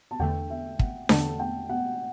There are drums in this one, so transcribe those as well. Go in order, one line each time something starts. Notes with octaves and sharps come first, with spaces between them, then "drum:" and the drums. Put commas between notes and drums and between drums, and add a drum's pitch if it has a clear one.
A5
E2 D3 A3 G5
E5
F#5, drum: kick
E2 D3 A3 A5, drum: snare D4
G5
F#5